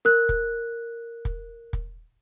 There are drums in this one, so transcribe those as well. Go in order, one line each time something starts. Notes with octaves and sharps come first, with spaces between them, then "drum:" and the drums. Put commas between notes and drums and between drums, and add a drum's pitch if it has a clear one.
A#4 F#6
drum: kick
drum: kick
drum: kick